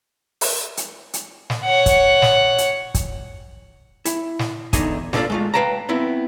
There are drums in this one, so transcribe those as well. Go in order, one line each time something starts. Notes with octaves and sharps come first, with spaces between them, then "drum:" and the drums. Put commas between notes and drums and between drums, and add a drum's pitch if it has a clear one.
drum: open hi-hat
drum: hi-hat
drum: hi-hat
drum: snare
C#5 F#5
drum: kick, hi-hat
drum: snare
drum: hi-hat
drum: kick, hi-hat
E4, drum: hi-hat
drum: snare
E2 D3 D#4 D#5 G#5, drum: kick, hi-hat
G3 A#3 D4 F4 A4 D5, drum: snare
G#3 A3 F4
B4 F5 G5 A5 A#5
B3 C4 E4